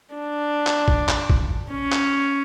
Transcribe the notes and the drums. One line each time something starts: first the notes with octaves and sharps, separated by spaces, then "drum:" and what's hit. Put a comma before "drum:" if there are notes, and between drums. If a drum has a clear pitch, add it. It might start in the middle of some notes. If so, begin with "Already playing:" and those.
D4
drum: clap
drum: kick
drum: clap
drum: kick
C#4
drum: clap